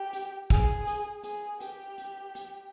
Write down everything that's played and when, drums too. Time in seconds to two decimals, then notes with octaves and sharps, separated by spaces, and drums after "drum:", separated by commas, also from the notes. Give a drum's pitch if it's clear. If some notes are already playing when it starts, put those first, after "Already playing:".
Already playing: G4
0.13 drum: hi-hat
0.50 G#4, drum: kick, hi-hat
0.87 drum: hi-hat
1.23 G#4, drum: hi-hat
1.60 G4, drum: hi-hat
1.98 drum: hi-hat
2.35 drum: hi-hat